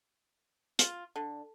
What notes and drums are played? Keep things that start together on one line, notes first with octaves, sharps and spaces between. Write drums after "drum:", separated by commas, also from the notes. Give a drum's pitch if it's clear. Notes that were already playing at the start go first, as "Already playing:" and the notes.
F4, drum: hi-hat
D3